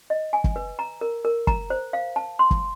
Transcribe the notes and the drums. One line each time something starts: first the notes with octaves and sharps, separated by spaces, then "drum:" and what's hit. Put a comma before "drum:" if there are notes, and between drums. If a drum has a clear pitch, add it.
D#5
G#5
drum: kick
B4
A#5
A#4
A#4
A#5, drum: kick
C5
F5
A5
C6
drum: kick